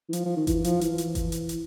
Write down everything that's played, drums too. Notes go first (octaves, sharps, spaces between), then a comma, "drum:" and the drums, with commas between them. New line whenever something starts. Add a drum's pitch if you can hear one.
E3
F3, drum: hi-hat
F3
D#3
E3, drum: kick G1, hi-hat
F3, drum: hi-hat
E3, drum: hi-hat
drum: hi-hat
drum: kick G1, hi-hat
drum: hi-hat
drum: hi-hat